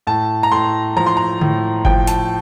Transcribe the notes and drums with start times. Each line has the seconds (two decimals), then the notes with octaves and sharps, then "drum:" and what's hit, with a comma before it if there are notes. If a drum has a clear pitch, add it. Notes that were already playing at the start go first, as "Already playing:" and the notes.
0.07 A2 A5
0.43 A#5
0.52 A2 C6
0.97 F3 A#5
1.06 C6
1.17 A#5
1.41 A2, drum: tom D3
1.85 F3 G5, drum: kick G1
2.07 A5, drum: hi-hat